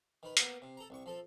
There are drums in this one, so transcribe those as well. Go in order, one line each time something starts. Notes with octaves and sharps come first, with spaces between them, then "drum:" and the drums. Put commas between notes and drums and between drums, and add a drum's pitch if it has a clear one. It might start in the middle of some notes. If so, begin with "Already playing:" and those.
D#3 B4
A#3 B3, drum: hi-hat
C3
A4 A#5
C2 C#6
F3 A4